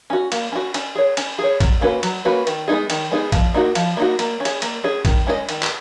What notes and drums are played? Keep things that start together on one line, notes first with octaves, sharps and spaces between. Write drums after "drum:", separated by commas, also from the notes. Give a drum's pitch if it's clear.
C#4 F#4
A#3, drum: cymbal
C#4 F#4
C#4, drum: cymbal
G#4 C#5
C#4, drum: cymbal
G#4 C#5
F#3, drum: kick A#1, cymbal
A#3 C#4 F#4 B4
F#3, drum: cymbal
A#3 C#4 F#4 B4
D#3, drum: cymbal
G#3 B3 D#4 G#4
D#3, drum: cymbal
G#3 B3 D#4 G#4
F3, drum: kick A#1, cymbal
A#3 D#4 F#4
F3, drum: cymbal
A#3 D#4 F#4
A#3, drum: cymbal
C#4
G#4, drum: cymbal
A#3, drum: cymbal
C#4 G#4
D#3, drum: kick A#1, cymbal
G#3 C#4 G#4 D#5
D#3, drum: cymbal
drum: clap